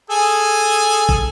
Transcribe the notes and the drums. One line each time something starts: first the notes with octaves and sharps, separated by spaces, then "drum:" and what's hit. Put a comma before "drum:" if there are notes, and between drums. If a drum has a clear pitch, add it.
G#4 A4 G#5
drum: kick